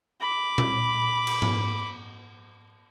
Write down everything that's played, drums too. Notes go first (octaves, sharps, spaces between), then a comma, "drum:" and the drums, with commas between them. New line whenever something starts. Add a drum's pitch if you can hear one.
B5 D6
drum: tom A#2
drum: cymbal
drum: tom G#2